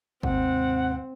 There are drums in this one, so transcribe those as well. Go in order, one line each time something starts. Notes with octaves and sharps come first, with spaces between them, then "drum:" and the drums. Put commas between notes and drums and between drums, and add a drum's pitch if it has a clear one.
D#2 G#2 C3 C4 F#5, drum: kick G#1